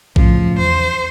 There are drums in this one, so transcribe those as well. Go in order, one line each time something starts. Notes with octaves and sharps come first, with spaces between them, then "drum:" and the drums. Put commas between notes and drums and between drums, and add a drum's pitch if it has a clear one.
F#2 A2 C#3 F3, drum: kick A#1
E2 C5